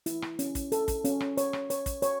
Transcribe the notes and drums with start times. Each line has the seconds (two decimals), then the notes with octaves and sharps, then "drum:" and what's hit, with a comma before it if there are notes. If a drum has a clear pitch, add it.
0.06 E4, drum: hi-hat
0.22 drum: rim click
0.39 C#4, drum: hi-hat
0.55 drum: kick, hi-hat
0.72 A4, drum: hi-hat
0.88 drum: kick, hi-hat
1.05 C#4, drum: hi-hat
1.20 drum: rim click
1.37 C#5, drum: hi-hat
1.53 drum: rim click
1.70 C#5, drum: hi-hat
1.86 drum: kick, hi-hat
2.02 C#5, drum: hi-hat